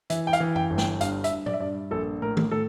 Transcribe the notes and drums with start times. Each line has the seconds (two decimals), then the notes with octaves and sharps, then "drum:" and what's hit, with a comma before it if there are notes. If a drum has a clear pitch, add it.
0.10 E3 E5, drum: hi-hat
0.27 G5
0.33 F5, drum: hi-hat
0.40 E3
0.56 G5, drum: tom F#2
0.70 G1
0.78 G5, drum: snare
1.01 G2 F5, drum: hi-hat
1.24 E5, drum: hi-hat
1.31 G2
1.46 D5, drum: tom
1.53 E5
1.60 G2 D5
1.91 A#1 A4
2.22 A2 A#4
2.37 drum: tom D#3
2.51 A2 A4